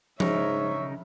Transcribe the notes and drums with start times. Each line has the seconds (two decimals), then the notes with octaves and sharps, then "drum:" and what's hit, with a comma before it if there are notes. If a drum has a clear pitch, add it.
0.20 G#2 C#3 D#4 A#4 C#5 E5, drum: tom F3